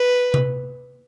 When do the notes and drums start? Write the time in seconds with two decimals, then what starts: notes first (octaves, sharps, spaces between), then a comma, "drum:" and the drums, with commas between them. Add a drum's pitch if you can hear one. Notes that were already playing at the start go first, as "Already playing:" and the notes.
Already playing: B4
0.34 drum: tom C3